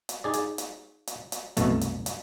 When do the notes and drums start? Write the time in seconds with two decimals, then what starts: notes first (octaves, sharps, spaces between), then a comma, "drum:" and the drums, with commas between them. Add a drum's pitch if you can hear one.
0.09 drum: hi-hat
0.24 D#4 G#4 D5
0.33 drum: hi-hat
0.58 drum: hi-hat
1.07 drum: hi-hat
1.32 drum: hi-hat
1.57 C2 F#2 B2 A3, drum: hi-hat
1.81 drum: hi-hat
2.06 drum: hi-hat